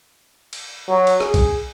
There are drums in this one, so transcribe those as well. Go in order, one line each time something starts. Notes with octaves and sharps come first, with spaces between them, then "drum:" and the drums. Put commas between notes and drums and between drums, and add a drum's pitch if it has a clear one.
drum: cymbal
F#3
drum: cymbal
G#4, drum: rim click
drum: kick, cymbal